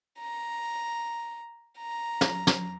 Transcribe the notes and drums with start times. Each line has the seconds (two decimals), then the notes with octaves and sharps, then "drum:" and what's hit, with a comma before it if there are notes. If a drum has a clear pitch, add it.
0.20 A#5
1.79 A#5
2.21 drum: snare
2.47 drum: snare